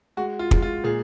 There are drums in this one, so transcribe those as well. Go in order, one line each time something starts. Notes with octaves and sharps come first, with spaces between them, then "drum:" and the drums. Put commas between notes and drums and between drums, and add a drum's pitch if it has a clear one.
G#3 F#4
F4
G#3, drum: kick
F4
A#2 G#4